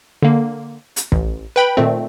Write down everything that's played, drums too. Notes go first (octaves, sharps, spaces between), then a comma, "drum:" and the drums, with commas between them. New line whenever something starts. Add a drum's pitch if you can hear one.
D3 A#3
drum: hi-hat
A1, drum: kick
B4 G5 B5
A#2 D#3 A3 C4